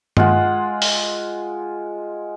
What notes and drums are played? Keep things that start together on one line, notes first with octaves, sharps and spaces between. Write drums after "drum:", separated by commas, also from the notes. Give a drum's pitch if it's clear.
G#3 F4 F#5, drum: tom G2
drum: open hi-hat